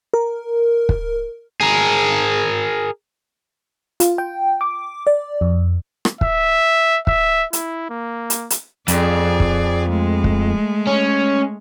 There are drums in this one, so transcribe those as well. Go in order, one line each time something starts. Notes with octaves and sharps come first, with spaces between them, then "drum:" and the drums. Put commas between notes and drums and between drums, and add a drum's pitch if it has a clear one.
A#4
drum: kick
G#4 A#4
F4, drum: hi-hat
G5
D6
D5
F2
drum: rim click
E5, drum: kick
E5, drum: kick
E4, drum: hi-hat
A#3
drum: hi-hat
drum: hi-hat
F2 G#4 D5, drum: hi-hat
drum: kick
G#3 A3
drum: kick
C#4